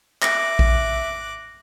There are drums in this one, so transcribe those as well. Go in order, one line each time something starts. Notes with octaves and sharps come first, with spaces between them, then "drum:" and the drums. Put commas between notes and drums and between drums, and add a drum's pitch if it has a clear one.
E5 D6 F#6 A#6, drum: clap
drum: kick A#1